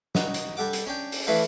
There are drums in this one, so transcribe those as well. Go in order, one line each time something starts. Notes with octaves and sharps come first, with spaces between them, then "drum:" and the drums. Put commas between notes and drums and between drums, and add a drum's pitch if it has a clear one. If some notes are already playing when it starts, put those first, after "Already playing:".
D#4 F#4, drum: snare
drum: hi-hat
G3 A4 F#5 D6
drum: hi-hat
C#4 D4 G5
drum: open hi-hat
E3 A3 D4 E4 B4 F5